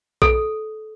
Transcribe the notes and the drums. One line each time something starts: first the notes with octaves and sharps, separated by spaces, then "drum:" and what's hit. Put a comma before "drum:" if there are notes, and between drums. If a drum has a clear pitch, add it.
A4, drum: kick B1